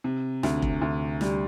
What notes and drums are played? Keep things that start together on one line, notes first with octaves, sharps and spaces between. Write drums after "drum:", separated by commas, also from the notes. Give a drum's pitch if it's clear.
C3
D2, drum: snare
drum: kick F1
D2
G3, drum: snare